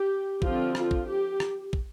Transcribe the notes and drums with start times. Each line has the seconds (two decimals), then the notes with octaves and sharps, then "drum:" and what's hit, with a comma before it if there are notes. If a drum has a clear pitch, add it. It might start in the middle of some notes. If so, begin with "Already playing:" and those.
Already playing: G4
0.42 D3 F3 C4 F4, drum: kick
0.75 F4, drum: rim click
0.91 drum: kick
1.08 G4
1.40 drum: rim click
1.73 drum: kick